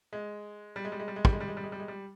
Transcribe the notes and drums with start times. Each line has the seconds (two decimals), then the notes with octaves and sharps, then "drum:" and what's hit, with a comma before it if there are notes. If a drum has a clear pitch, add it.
0.13 G#3
0.76 G3
0.85 G#3
0.92 G3
0.99 G#3
1.08 G3
1.16 G#3
1.25 G3, drum: kick
1.33 G#3
1.40 G3
1.48 G#3
1.57 G3
1.64 G#3
1.72 G3
1.80 G#3
1.88 G3